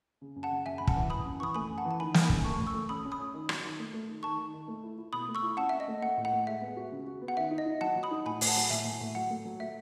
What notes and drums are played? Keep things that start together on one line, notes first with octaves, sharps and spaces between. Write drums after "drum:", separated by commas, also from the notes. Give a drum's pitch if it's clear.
C#3
F#2
F#5 A5
C#3
F#2 E5 G#5
F#2 B5
F#5 A5, drum: kick
E3
E3 B5 D#6
F#2
E3 B5 C#6 D#6
A3 G#5 B5
F#2
F#5 A5
E3
A5
D#3 G#5 B5
D#3, drum: snare
G#5 B5
F#2, drum: kick
A3 A5 C#6
A3
C#6 E6
A3
C#4 B5 D#6
C#4
B5 D#6
C#4
D#3
F#3, drum: rim click
D#3
A3
A3
D#3
D#3 A5 C#6
D#3
D#3
A3
E4
E4
B2 B5 D#6
A3
C#6 E6
E4
C#4 F#5 A5
C#4 E5
D#5
A3
A3 F#5
A2
F#5
A3
G#3 E5
B3
F#4
C#3
F#4
B3
F#5
D#3 E5
D#4
D#5
D#4
F#3 F#5 A5
F#3
B5 D#6
D#4
A2 G#5 B5
A2 G#5, drum: open hi-hat
F#5 A5
F#3
A2 E5 G#5
A2
A2
F#3 F#5
A3
F#3
A3 E5